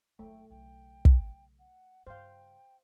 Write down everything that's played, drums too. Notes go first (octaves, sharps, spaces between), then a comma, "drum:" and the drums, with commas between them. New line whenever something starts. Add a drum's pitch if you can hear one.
F#1 G#3 A3 G5
B1 C#3 G5
drum: kick
F#5
G2 C#3 C5 F5 G5